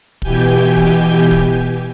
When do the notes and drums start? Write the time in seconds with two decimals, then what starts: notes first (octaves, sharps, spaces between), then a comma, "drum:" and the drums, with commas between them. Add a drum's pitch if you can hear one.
0.22 B2 E3 G4 G#5 G6, drum: kick
0.76 drum: kick
1.31 drum: kick